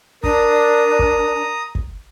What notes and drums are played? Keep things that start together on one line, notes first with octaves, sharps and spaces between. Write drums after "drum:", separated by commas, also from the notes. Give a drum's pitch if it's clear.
D4 A#4 A#5 D#6, drum: kick
drum: kick
drum: kick